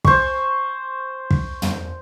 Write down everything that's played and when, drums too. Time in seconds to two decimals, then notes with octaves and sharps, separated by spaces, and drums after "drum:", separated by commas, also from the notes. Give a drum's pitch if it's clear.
0.04 C5 C#6, drum: kick
1.31 drum: kick
1.62 drum: tom